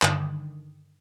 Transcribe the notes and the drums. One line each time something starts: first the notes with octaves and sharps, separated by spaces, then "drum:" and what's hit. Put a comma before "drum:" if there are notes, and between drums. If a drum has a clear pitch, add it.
G2 D3 D#3, drum: clap